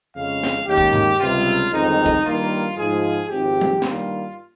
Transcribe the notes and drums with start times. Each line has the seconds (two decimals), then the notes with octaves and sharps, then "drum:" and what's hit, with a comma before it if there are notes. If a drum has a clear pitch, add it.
0.15 F2 C#3 G#3 C#4 F5
0.43 drum: snare
0.67 D#2 D#3 G#3 C#4 G4
0.78 drum: kick
0.93 drum: tom G2
1.19 C#2 C3 G3 F4
1.72 G1 F2 D#3 G#3 C4 D#4
2.06 drum: kick
2.25 G2 D#3 G3 A#3 F4
2.77 G#2 F3 G#3 G#4
3.29 G#1 G#2 F3 C4 G4
3.61 drum: tom
3.82 G2 D#3 G3 A#3 F4, drum: snare